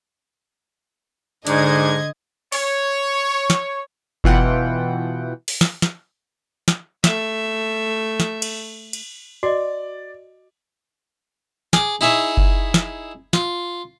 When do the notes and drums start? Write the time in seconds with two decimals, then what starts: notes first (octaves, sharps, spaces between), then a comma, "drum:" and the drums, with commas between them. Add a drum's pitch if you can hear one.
1.47 G#2 D3 D4 D#5 G#6, drum: hi-hat
2.52 C#5, drum: open hi-hat
3.50 drum: snare
4.24 B2 E3 F4 F#5 G5, drum: kick F#1
5.48 drum: open hi-hat
5.61 drum: snare
5.82 drum: snare
6.68 drum: snare
7.04 A3 E5, drum: snare
8.20 drum: snare
8.42 drum: cymbal
8.93 drum: cymbal
9.43 F#4 D5 D#5
11.73 G#4 D6, drum: snare
12.01 D#4 E4 G#4 C#5 E5
12.37 drum: kick F#1
12.74 drum: snare
13.33 F4, drum: snare